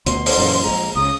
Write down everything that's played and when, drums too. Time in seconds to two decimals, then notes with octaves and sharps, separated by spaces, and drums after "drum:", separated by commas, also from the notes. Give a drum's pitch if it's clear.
0.06 D2 B2 C6, drum: hi-hat
0.26 drum: open hi-hat
0.38 F#2 A#2 E3
0.64 A#1 A#2 G#3 A#5
0.95 C#2 C#3 D#6